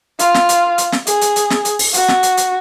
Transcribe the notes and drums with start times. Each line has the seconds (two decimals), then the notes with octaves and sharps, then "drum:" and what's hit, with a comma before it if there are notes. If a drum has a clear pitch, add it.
0.19 F4, drum: hi-hat
0.34 drum: snare
0.49 drum: hi-hat
0.78 drum: hi-hat
0.92 drum: snare
1.07 G#4, drum: hi-hat
1.21 drum: hi-hat
1.36 drum: hi-hat
1.50 drum: snare
1.65 drum: hi-hat
1.79 drum: open hi-hat
1.94 F#4, drum: hi-hat
2.08 drum: snare
2.23 drum: hi-hat
2.37 drum: hi-hat